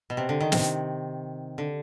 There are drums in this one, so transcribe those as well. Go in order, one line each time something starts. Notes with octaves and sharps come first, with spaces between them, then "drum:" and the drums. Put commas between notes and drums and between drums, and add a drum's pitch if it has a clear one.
B2
C3
D3
D#3
C3, drum: snare
D3